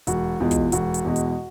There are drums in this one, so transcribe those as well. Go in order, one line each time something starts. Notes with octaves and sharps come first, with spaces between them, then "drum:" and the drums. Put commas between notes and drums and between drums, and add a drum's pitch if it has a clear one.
E1 F#4, drum: hi-hat
E2 B2 G#3 F4
drum: kick, hi-hat
E1 F#4, drum: hi-hat
drum: hi-hat
E2 B2 G#3
drum: hi-hat